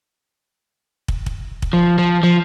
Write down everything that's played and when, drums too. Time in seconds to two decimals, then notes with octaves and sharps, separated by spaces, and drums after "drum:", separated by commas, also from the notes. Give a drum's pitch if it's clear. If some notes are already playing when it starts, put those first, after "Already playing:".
1.08 drum: kick
1.26 drum: kick
1.62 drum: kick
1.73 F3
1.98 F3
2.23 F3